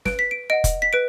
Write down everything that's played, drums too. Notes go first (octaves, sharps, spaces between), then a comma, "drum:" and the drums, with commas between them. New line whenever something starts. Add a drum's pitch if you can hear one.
B4 D7, drum: snare
B6
D7
D#5 F#5 D7
drum: kick, hi-hat
B6
B4 D7